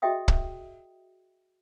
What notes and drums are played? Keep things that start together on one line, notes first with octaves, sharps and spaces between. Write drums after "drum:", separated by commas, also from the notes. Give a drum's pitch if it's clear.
F#4 G#4 D#5 E5 G5 D#6
drum: kick